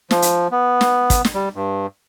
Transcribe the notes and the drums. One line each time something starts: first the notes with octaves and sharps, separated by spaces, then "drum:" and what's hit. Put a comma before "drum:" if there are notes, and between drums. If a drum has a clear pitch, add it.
F3, drum: snare
drum: hi-hat
B3
drum: snare
drum: kick, hi-hat
drum: snare
G3
G2